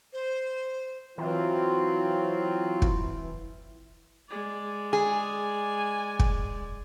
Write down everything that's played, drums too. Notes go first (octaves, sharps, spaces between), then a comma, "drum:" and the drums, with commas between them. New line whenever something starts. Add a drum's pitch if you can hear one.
C5
E3 F#3 C4 F4
drum: kick
G#3 D5
G#4 G#5
drum: kick